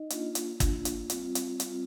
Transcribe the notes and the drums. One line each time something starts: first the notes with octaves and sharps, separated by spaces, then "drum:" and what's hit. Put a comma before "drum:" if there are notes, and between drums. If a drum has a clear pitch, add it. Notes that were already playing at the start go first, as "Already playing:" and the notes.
Already playing: D#4 D#5
A#3 D4 F4, drum: hi-hat
drum: hi-hat
A#3 D4 F4, drum: kick G1, hi-hat
drum: hi-hat
G3 C4 F4, drum: hi-hat
drum: hi-hat
G3 C4 F4, drum: hi-hat